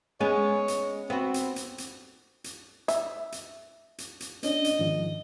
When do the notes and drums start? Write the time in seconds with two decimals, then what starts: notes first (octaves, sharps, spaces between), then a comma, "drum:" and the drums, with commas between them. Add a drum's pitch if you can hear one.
0.20 G#3 B3 C#4 C#5
0.68 drum: hi-hat
1.10 B3 C4 F#4
1.34 drum: hi-hat
1.56 drum: hi-hat
1.78 drum: hi-hat
2.44 drum: hi-hat
2.88 E5, drum: hi-hat
3.32 drum: hi-hat
3.98 drum: hi-hat
4.20 drum: hi-hat
4.43 B3 C#4 D4 D#5, drum: hi-hat
4.64 drum: hi-hat
4.79 G#2 D#3 F3